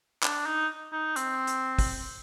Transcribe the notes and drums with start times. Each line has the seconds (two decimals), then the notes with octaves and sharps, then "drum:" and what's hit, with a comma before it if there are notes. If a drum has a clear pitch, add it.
0.23 D4, drum: clap
0.46 D#4
0.92 D#4
1.16 C4, drum: hi-hat
1.47 drum: hi-hat
1.79 drum: kick, open hi-hat